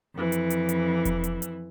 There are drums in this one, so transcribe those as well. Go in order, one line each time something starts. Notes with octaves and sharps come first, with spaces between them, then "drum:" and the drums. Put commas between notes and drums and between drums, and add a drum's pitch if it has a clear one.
F2 E3
drum: hi-hat
drum: hi-hat
drum: hi-hat
drum: kick F1, hi-hat
drum: hi-hat
drum: hi-hat